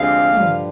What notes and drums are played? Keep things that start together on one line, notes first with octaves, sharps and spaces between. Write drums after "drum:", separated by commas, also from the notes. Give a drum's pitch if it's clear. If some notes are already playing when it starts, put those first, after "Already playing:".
Already playing: D2 C3 F3 G#3 C4 F5
G2 D3 F3, drum: tom